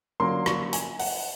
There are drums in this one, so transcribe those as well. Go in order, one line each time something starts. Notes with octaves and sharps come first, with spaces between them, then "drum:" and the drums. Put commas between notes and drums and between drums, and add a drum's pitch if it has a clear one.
D3 F#3 A#3 C#4 C6
C#6, drum: rim click
G#5, drum: hi-hat
F#5, drum: open hi-hat